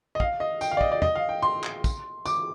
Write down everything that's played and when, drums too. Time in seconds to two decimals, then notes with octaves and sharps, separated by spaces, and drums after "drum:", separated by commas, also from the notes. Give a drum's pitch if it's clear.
0.15 D#5
0.20 F5, drum: kick
0.40 D#5
0.61 G5, drum: tambourine
0.71 F5
0.77 D5
0.81 D#5, drum: kick
0.92 D5
1.02 D#5, drum: tom
1.15 F5
1.29 G5
1.43 C6
1.64 drum: clap
1.84 drum: kick, tambourine
2.26 D6, drum: tambourine